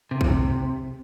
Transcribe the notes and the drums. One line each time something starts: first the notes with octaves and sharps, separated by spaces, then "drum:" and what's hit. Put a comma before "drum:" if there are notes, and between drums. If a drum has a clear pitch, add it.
C3
drum: kick